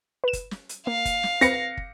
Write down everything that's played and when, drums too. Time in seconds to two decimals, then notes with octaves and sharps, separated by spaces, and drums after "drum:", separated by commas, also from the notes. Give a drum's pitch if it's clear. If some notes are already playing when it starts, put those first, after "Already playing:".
0.24 B4 E7
0.33 drum: kick, hi-hat
0.51 drum: snare
0.69 drum: hi-hat
0.87 A#3 F5
1.05 drum: kick, hi-hat
1.23 drum: snare
1.41 C4 B4 A#6 C#7, drum: hi-hat
1.77 drum: kick